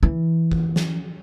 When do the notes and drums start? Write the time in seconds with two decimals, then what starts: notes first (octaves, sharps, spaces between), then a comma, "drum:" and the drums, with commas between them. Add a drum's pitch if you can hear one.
0.03 E3
0.52 drum: kick
0.76 drum: snare